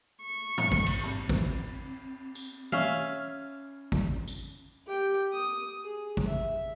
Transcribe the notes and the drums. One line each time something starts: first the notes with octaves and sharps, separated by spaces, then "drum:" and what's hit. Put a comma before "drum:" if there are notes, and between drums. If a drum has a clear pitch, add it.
C#6
drum: tom G2
drum: kick G#1
drum: cymbal
C4, drum: tom G#2
drum: kick G#1
drum: tambourine
C#4 E5 F5, drum: tom E3
drum: kick G#1
drum: tambourine
G4 G5
D#6
G#4
drum: kick G#1
E5